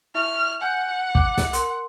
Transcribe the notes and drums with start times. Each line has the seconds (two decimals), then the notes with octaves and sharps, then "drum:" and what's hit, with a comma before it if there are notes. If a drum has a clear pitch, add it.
0.15 E4 E5 C#6 F6
0.61 F#5 G#5 F6 G6
1.15 D6, drum: kick
1.38 drum: snare
1.53 A#4 C6, drum: hi-hat